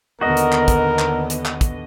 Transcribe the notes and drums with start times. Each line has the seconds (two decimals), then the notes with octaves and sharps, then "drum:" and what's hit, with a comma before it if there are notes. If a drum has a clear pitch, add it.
0.21 D#2 D3 B3 F#4 A#4 D#5
0.37 drum: hi-hat
0.52 drum: clap
0.68 drum: kick, hi-hat
0.99 drum: clap
1.30 drum: hi-hat
1.45 drum: clap
1.61 drum: kick, hi-hat